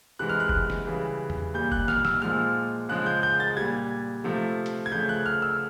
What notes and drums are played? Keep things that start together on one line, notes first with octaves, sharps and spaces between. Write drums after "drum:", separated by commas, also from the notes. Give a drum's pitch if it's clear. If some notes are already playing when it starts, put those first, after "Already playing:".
C3 E3 G#3 F#6
F6
F#6
drum: kick F#1
drum: snare
C#3 E3 G3
drum: tom E2
A#2 G3 G6
F#6, drum: kick F#1
F6, drum: snare
E6, drum: snare
A#2 F3 G#3 F6
C#3 F3 G#3 F#6
G6
G6
A6
A#2 G3 G#6
C3 F3 A3
drum: hi-hat
G#6
C#3 F3 A3 G6
F#6
F6
E6